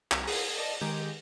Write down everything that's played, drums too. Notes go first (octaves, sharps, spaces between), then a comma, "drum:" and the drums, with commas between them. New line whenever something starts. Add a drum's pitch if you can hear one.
C2, drum: clap
G#4 C7, drum: open hi-hat
D5 D#5 A5
D#3 G#3 G4 G6